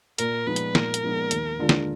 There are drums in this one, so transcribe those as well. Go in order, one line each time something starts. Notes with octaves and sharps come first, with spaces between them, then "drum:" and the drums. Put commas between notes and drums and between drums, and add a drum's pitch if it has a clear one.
A#2 A#4, drum: hi-hat
F3 G#3 B3 D#4 B4
drum: hi-hat
A#2 A#4, drum: snare
drum: hi-hat
F3 G#3 B3 D#4
D#2, drum: hi-hat
D3 G#3 D4 F4
drum: snare